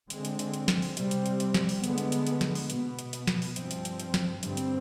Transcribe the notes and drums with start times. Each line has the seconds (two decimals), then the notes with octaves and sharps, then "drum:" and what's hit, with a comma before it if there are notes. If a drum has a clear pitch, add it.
0.10 D3 G#3 C4, drum: hi-hat
0.25 drum: hi-hat
0.39 drum: hi-hat
0.54 drum: hi-hat
0.68 drum: snare
0.82 drum: open hi-hat
0.97 C3 G3 C4, drum: hi-hat
1.11 drum: hi-hat
1.26 drum: hi-hat
1.40 drum: hi-hat
1.54 drum: snare
1.69 drum: open hi-hat
1.84 D3 G#3 B3, drum: hi-hat
1.98 drum: hi-hat
2.12 drum: hi-hat
2.27 drum: hi-hat
2.41 drum: snare
2.55 drum: open hi-hat
2.70 B2 B3, drum: hi-hat
2.99 drum: hi-hat
3.13 drum: hi-hat
3.27 drum: snare
3.42 drum: open hi-hat
3.56 G2 F3 C4, drum: hi-hat
3.71 drum: hi-hat
3.85 drum: hi-hat
4.00 drum: hi-hat
4.14 drum: snare
4.43 G2 D3 G3 C4, drum: hi-hat
4.57 drum: hi-hat